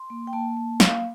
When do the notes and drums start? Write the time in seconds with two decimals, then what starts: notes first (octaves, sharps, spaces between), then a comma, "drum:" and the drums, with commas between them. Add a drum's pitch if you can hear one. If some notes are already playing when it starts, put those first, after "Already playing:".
Already playing: C6
0.10 A#3
0.27 G5
0.33 A#3 A5
0.57 A#3
0.80 A#3 F5, drum: snare